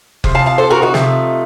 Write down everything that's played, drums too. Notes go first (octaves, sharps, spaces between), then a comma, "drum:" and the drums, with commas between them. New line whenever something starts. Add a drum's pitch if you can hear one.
C3 F3, drum: kick F#1
F5 A5
F5 A5
A4 C5
F#4 A#4
D#4 F#4
C3 F3 A3 D#4, drum: snare